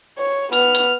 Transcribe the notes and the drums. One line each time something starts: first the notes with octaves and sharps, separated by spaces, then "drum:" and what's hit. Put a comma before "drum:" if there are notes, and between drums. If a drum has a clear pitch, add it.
C#5
B3 F6, drum: hi-hat
drum: hi-hat